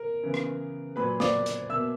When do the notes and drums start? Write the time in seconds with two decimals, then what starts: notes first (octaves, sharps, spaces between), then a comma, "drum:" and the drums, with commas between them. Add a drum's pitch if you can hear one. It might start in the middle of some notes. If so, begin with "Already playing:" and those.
Already playing: A#4
0.23 C#3 E3 B3
0.34 drum: rim click
0.96 A#2 F#3 A#3 B4 B5
1.20 D5 D6, drum: snare
1.46 drum: hi-hat
1.69 B2 A#3 E5 E6